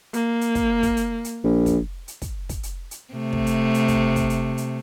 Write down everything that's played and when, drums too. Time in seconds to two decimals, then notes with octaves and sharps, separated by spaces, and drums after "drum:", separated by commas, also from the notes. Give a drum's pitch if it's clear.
0.13 A#3, drum: hi-hat
0.41 drum: hi-hat
0.55 drum: kick, hi-hat
0.83 drum: kick, hi-hat
0.97 drum: hi-hat
1.24 drum: hi-hat
1.44 A#1
1.66 drum: kick, hi-hat
2.08 drum: hi-hat
2.22 drum: kick, hi-hat
2.49 drum: kick, hi-hat
2.63 drum: hi-hat
2.91 drum: hi-hat
3.13 C3 A3
3.33 drum: kick
3.47 drum: hi-hat
3.74 drum: hi-hat
3.88 drum: kick, hi-hat
4.16 drum: kick, hi-hat
4.30 drum: hi-hat
4.58 drum: hi-hat